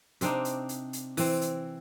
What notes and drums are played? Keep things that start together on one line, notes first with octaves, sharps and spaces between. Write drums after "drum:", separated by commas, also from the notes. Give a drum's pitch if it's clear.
C3 C4 D4 D#4, drum: hi-hat
drum: hi-hat
drum: hi-hat
drum: hi-hat
E3 C4, drum: open hi-hat
drum: hi-hat